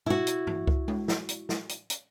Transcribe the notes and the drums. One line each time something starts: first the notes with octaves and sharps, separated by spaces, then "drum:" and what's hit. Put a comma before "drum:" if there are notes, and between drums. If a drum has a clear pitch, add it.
E4 F#4, drum: tom B2
drum: hi-hat
drum: tom G2
drum: kick C#2
drum: tom G#3
drum: snare
drum: hi-hat
drum: snare
drum: hi-hat
drum: hi-hat